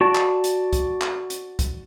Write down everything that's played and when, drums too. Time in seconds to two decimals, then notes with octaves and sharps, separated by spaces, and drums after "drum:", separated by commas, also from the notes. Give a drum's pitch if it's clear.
0.01 F#4 D5 A5
0.15 drum: clap
0.44 drum: hi-hat
0.73 drum: kick, hi-hat
1.01 drum: clap
1.30 drum: hi-hat
1.59 drum: kick, hi-hat